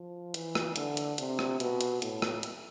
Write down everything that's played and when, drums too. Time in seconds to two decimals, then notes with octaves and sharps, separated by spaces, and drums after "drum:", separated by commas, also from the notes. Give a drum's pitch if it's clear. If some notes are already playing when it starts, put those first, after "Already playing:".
Already playing: F3
0.34 E3, drum: hi-hat
0.55 drum: rim click
0.76 D3, drum: hi-hat
0.97 drum: hi-hat
1.18 C3, drum: hi-hat
1.39 drum: rim click
1.60 B2, drum: hi-hat
1.81 drum: hi-hat
2.02 A2, drum: hi-hat
2.22 drum: rim click
2.43 drum: hi-hat